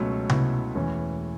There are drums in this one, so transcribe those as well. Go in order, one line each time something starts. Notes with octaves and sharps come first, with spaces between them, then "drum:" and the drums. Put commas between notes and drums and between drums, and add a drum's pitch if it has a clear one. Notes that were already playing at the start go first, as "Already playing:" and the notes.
Already playing: C#2 B2 F#3 A3 C#4
B3 E4, drum: tom C3
E1 E2 E3 A3 C#4